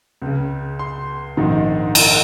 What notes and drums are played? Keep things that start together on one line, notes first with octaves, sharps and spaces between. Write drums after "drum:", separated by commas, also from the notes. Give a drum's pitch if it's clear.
C#2 C#3
C6
A#1 G#2 D#3
A#5, drum: cymbal